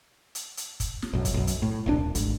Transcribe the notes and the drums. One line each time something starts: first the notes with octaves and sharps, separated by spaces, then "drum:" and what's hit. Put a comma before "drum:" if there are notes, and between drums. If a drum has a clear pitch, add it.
drum: hi-hat
drum: hi-hat
drum: kick, hi-hat
drum: snare
B1 F#2
drum: kick, hi-hat
B1 F#2
drum: hi-hat
A2
D#1 C2 D4
G#1, drum: hi-hat